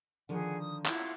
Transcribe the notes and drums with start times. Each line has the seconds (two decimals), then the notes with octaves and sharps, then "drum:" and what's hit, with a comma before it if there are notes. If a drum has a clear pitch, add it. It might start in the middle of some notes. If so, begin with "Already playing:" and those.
0.29 D3 D#3 F3 G#4 F#5
0.60 D#6
0.86 E4 F4 F#5, drum: clap